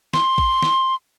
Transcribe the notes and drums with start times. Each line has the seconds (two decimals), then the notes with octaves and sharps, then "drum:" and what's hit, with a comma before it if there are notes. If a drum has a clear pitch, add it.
0.14 C6, drum: snare
0.38 drum: kick
0.62 drum: snare